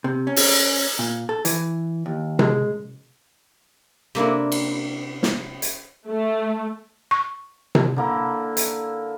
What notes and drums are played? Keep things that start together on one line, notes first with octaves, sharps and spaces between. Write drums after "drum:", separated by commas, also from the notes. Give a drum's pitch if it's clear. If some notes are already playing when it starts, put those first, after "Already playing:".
C3
C#4
drum: open hi-hat
A#2
A4
E3, drum: hi-hat
D#2
G#3, drum: tom C3
C3 A#3 D4 E4
drum: cymbal
drum: snare
drum: hi-hat
A3
C#6
drum: tom C3
D3 A#3 E4
drum: hi-hat